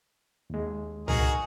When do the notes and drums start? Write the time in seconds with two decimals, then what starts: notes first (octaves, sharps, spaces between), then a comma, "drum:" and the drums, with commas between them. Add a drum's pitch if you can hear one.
0.50 D#2 G#3
1.08 D#4 F#4 G#4 A#4, drum: tom